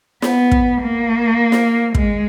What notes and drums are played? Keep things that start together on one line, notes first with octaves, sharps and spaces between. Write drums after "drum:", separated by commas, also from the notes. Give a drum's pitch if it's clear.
B3, drum: snare
drum: kick
A#3
drum: snare
G#3, drum: kick